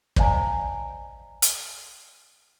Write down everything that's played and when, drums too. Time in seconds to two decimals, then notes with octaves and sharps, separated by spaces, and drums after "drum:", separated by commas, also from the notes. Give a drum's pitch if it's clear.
0.16 C5 D5 D#5 F5 G#5 A#5, drum: kick
1.42 drum: hi-hat